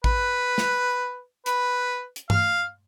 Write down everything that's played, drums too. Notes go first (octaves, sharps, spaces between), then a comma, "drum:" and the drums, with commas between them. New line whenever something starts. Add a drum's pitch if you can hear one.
B4, drum: kick A1
drum: snare
B4, drum: hi-hat
drum: hi-hat
F5, drum: tom G2